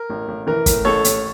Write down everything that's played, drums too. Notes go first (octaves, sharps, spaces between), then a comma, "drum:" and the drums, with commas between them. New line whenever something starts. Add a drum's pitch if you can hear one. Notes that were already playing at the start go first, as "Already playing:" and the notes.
Already playing: A#4
A1
A1
E3 A#4
A2, drum: kick, hi-hat
A1 A4 C#5
A1, drum: hi-hat